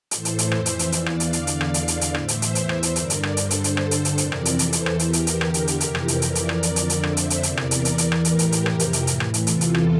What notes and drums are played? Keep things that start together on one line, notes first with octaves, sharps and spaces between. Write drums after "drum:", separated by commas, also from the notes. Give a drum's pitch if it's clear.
A2 E3 A4 C5, drum: hi-hat
drum: hi-hat
drum: hi-hat
F2 E3 C5 E5, drum: rim click
drum: hi-hat
drum: hi-hat
E2 E3 D5 F5, drum: hi-hat
drum: rim click
drum: hi-hat
E2 D3 D5 F5, drum: hi-hat
drum: hi-hat
drum: rim click
E2 D3, drum: hi-hat
drum: hi-hat
drum: hi-hat
A2 E3 C5 E5, drum: rim click
drum: hi-hat
drum: hi-hat
E2 E3 C5 E5, drum: hi-hat
drum: rim click
drum: hi-hat
G2 D3 A#4 D5, drum: hi-hat
drum: hi-hat
drum: rim click
G2 D3 A4 C5, drum: hi-hat
drum: hi-hat
drum: hi-hat
G2 D3 A4 C5, drum: rim click
drum: hi-hat
drum: hi-hat
F2 C3 E3 A#4 D5, drum: hi-hat
drum: rim click
drum: hi-hat
E2 E3 A4 C5, drum: hi-hat
drum: hi-hat
drum: rim click
E2 E3 G4 A#4, drum: hi-hat
drum: hi-hat
drum: hi-hat
E2 D3, drum: rim click
drum: hi-hat
drum: hi-hat
F2 C3 E3 G4 A#4, drum: hi-hat
drum: rim click
drum: hi-hat
F2 E3 A#4 D5, drum: hi-hat
drum: hi-hat
drum: rim click
F2 D3, drum: hi-hat
drum: hi-hat
drum: hi-hat
F2 D3 C5 E5, drum: rim click
drum: hi-hat
drum: hi-hat
E2 C3 E3 A#4 D5, drum: hi-hat
drum: rim click
drum: hi-hat
E2 E3, drum: hi-hat
drum: hi-hat
drum: rim click
A2 E3 G4 A#4, drum: hi-hat
drum: hi-hat
drum: hi-hat
F2 C3 E3, drum: rim click
drum: hi-hat
drum: hi-hat
A2 E3, drum: hi-hat
drum: rim click
drum: hi-hat
E2 C3 E3 F4 A4, drum: hi-hat
drum: hi-hat
drum: rim click